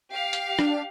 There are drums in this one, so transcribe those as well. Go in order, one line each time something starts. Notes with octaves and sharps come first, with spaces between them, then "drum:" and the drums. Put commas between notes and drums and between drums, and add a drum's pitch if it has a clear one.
G4 F5
drum: hi-hat
D4, drum: rim click